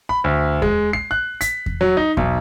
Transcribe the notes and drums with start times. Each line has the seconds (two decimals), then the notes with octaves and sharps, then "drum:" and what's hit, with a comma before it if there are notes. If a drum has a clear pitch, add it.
0.09 B5
0.24 D2
0.62 G#3, drum: kick E2
0.93 C7
1.11 F#6
1.41 B6, drum: hi-hat
1.66 drum: kick E2
1.81 F#3
1.97 D#4
2.17 B1, drum: kick E2